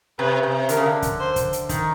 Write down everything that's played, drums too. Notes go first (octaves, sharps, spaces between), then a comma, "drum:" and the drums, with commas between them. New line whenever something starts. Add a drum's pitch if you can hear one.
C3 B4
C3
D3 A#4, drum: hi-hat
C#3
D3
drum: kick, hi-hat
C5
drum: kick, hi-hat
drum: hi-hat
D#3, drum: kick, hi-hat